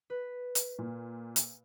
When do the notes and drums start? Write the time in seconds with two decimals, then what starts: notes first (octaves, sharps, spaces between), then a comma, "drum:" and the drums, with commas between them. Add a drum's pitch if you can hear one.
0.10 B4
0.55 drum: hi-hat
0.79 A#2
1.36 drum: hi-hat